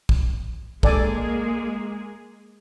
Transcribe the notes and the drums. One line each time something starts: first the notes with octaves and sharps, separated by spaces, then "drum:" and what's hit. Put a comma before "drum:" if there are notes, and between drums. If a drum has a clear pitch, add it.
drum: kick
G#3 A#3 G#4 A4 D5 G#5, drum: kick